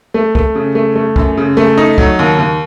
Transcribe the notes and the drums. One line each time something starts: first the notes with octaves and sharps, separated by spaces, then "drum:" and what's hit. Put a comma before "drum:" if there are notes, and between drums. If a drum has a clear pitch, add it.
A3
A3, drum: kick
C#3
A3
A3
F#2, drum: kick
C#3
A3
D#4
F#3, drum: kick
D#2
D#2